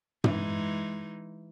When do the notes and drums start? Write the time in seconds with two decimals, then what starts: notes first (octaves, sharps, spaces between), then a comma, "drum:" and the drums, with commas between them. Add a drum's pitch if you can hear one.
0.24 E3 G#3 D#4, drum: tom